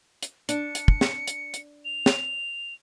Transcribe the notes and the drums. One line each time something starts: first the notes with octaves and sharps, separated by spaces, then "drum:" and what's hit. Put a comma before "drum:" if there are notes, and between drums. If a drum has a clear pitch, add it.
drum: hi-hat
D4 C#7, drum: hi-hat
drum: hi-hat
drum: kick
drum: snare
drum: hi-hat
drum: hi-hat
F7
drum: snare